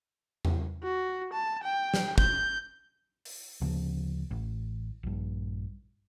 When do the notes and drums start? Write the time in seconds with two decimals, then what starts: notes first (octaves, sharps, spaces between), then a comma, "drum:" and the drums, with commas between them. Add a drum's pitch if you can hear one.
0.45 drum: tom E2
0.83 F#4
1.33 A5
1.63 G5
1.94 drum: snare
2.18 G6, drum: kick
3.25 drum: open hi-hat
3.61 D2 C#3 F3
4.31 A1
5.03 A#1 G2